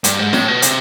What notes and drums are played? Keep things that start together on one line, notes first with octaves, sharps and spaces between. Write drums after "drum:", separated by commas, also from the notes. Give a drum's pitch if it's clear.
G2, drum: hi-hat
G#2
A2, drum: snare
B2
C3, drum: hi-hat